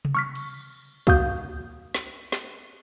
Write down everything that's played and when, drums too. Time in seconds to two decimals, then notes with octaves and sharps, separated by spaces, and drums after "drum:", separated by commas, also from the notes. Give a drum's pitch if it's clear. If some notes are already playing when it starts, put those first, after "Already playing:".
0.05 drum: tom C3
0.15 C#6 F6 B6
0.35 drum: cymbal
1.07 A#3 F#4 F5 D#6 G6, drum: kick
1.95 drum: snare
2.32 drum: snare